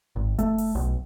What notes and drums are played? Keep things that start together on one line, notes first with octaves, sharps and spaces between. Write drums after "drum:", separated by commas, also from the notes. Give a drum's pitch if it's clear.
G#1
A3, drum: kick F1, hi-hat
drum: open hi-hat
B1